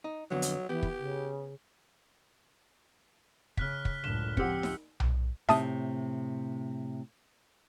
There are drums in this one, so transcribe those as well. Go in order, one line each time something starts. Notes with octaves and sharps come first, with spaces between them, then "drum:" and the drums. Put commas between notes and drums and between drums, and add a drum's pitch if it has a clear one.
D#4
F2 D3 F#3 B3
drum: hi-hat
E3 B3 G4
drum: kick
C#3
C#3 F6 F#6 B6, drum: kick
drum: kick
C#2 F#2 A2 D3 E7 G7
C#3 F3 C4 G4 F#5 E6 C#7, drum: kick
drum: snare D#4
drum: tom B1
A2 C3 E5 A5 D#6, drum: snare D#4